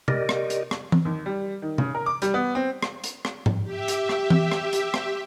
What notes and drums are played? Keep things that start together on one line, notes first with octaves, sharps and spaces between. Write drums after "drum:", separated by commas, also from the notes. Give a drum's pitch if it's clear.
G4 A#4 D5 D#5, drum: tom C3
drum: rim click
drum: hi-hat
drum: rim click
drum: tom E3
D#2
G3
D#3
C#3, drum: tom C3
A#4
D6
G3, drum: hi-hat
B3
C4
drum: rim click
drum: hi-hat
drum: rim click
drum: tom G#2
G4 E5
drum: hi-hat
drum: rim click
drum: tom E3
drum: rim click
drum: hi-hat
drum: rim click